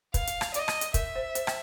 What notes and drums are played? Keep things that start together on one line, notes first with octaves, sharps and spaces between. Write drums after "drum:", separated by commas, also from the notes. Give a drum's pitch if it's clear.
B4 F5, drum: kick, hi-hat
drum: hi-hat
drum: rim click
D#5, drum: hi-hat
drum: rim click
drum: hi-hat
A#4 E5, drum: kick, hi-hat
C5
C5, drum: hi-hat
G5, drum: rim click